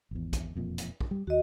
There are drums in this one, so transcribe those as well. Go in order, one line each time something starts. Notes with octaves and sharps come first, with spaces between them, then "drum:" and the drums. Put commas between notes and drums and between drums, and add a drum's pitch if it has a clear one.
G#1 E2
drum: kick, hi-hat
E1 F2 A#2
drum: hi-hat
drum: kick
G3
D#2 F#4 D#5